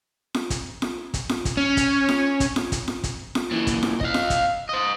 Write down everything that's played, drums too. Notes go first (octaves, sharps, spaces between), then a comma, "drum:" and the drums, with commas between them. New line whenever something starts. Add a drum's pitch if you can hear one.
drum: snare F4
drum: kick, hi-hat
drum: snare F4
drum: kick, hi-hat
drum: snare F4
drum: kick, hi-hat
C#4
drum: kick, hi-hat
drum: snare F4
drum: kick, hi-hat
drum: snare F4
drum: kick, hi-hat
drum: snare F4
drum: kick, hi-hat
drum: snare F4
A#2 E3
drum: kick, hi-hat
drum: snare F4
D#5 F5, drum: kick
drum: snare F4
drum: kick, hi-hat
C5 D#5